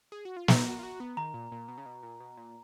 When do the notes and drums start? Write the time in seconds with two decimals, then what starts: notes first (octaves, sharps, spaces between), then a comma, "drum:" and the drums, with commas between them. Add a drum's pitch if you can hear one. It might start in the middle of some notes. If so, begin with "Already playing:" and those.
0.12 G#4
0.25 F#4
0.37 F4
0.48 D#4 A#5, drum: snare
0.65 F#4
0.79 F4
0.83 F#4
1.00 B3
1.17 D#3 A#5
1.34 A#2
1.52 A#2
1.68 B2
1.78 C#3
1.86 B2
2.03 A#2
2.20 B2
2.37 A#2